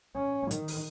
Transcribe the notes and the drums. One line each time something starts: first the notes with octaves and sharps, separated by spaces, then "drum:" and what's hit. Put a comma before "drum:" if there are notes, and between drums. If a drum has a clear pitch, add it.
C#4
D#3, drum: hi-hat
drum: open hi-hat